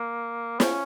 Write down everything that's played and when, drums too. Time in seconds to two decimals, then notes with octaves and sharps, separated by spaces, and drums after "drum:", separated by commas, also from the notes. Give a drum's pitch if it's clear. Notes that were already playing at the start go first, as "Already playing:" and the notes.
Already playing: A#3
0.60 C#4, drum: snare